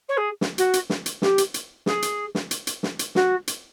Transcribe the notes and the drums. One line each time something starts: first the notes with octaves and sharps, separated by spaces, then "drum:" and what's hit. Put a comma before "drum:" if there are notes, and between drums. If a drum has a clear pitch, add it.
C#5
G#4
drum: snare
F#4, drum: hi-hat
drum: hi-hat
drum: snare
drum: hi-hat
G4, drum: snare
drum: hi-hat
drum: hi-hat
G#4, drum: snare
drum: hi-hat
drum: snare
drum: hi-hat
drum: hi-hat
drum: snare
drum: hi-hat
F#4, drum: snare
drum: hi-hat